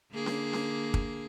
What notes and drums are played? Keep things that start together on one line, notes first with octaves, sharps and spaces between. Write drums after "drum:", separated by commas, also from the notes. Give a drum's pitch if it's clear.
D3 A#3 G#4
drum: snare C#4
drum: snare C#4
drum: kick